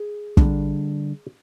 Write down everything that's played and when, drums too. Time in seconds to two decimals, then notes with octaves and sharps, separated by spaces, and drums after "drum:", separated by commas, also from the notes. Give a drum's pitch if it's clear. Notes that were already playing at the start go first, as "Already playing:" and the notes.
Already playing: G#4
0.37 D3 G3 D4, drum: kick